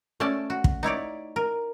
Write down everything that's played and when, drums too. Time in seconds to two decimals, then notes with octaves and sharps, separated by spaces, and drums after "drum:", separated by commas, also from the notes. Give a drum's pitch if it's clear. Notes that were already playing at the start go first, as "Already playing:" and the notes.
0.20 A3 C#4 D5 A5
0.50 F#4
0.64 drum: kick
0.83 D#4 E4 C#5 D5
1.36 A#4